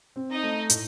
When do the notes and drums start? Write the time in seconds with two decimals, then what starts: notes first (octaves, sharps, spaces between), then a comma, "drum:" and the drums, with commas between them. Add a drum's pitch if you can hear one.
0.16 C4
0.30 D#4 D#5
0.43 A3
0.70 A2, drum: hi-hat